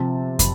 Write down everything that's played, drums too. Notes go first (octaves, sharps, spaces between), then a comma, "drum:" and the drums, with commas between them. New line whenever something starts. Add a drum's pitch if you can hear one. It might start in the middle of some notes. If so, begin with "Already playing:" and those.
Already playing: C3 F3 C4 A5
B5, drum: kick, hi-hat